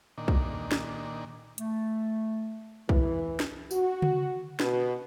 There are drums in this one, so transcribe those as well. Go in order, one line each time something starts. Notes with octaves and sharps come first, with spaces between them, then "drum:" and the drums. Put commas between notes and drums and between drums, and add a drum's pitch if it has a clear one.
A#2 D#3 D4
drum: kick B1
drum: snare
A3, drum: hi-hat
E3, drum: kick B1
drum: snare
F#4, drum: tambourine
drum: tom C#3
B2, drum: snare